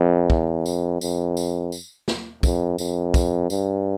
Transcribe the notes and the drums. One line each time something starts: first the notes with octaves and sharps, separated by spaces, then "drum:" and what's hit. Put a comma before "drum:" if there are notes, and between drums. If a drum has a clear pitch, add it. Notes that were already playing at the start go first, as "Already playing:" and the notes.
Already playing: F2
E2, drum: kick
F2, drum: tambourine
F2, drum: tambourine
drum: tambourine
drum: tambourine
drum: snare
F2, drum: kick, tambourine
F2, drum: tambourine
drum: kick, tambourine
G2, drum: tambourine